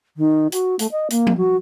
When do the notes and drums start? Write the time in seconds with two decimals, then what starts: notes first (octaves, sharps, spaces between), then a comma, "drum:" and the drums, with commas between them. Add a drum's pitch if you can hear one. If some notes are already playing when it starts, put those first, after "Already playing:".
0.17 D#3
0.52 F#4, drum: hi-hat
0.79 A3, drum: hi-hat
0.92 D#5
1.10 A#3, drum: hi-hat
1.27 drum: tom F3
1.37 F#4